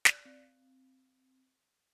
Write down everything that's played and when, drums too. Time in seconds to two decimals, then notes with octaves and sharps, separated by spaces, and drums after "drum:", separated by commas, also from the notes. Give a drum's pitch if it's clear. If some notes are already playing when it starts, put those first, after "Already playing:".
0.05 D5, drum: snare
0.25 C4